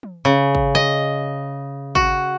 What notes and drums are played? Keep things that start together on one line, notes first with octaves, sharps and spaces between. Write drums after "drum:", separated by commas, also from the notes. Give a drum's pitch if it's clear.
drum: tom
C#3
drum: kick G#1
D#5
F#4, drum: kick G#1